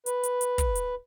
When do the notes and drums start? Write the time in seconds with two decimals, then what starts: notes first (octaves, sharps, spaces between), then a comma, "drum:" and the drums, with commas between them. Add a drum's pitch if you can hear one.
0.06 B4, drum: hi-hat
0.23 drum: hi-hat
0.41 drum: hi-hat
0.58 drum: kick, hi-hat
0.75 drum: hi-hat